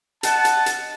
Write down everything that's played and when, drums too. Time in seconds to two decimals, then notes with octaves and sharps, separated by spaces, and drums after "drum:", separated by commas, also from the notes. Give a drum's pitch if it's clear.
0.23 D#5 F#5 A5, drum: hi-hat
0.45 drum: hi-hat
0.66 drum: hi-hat